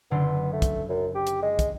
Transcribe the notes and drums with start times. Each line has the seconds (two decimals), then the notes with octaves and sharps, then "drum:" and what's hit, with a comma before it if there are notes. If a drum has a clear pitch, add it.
0.11 F#1 D3 B3 C6
0.53 A3
0.62 drum: kick, hi-hat
0.89 F#2
1.15 G4
1.27 drum: hi-hat
1.43 G#3
1.59 drum: kick, hi-hat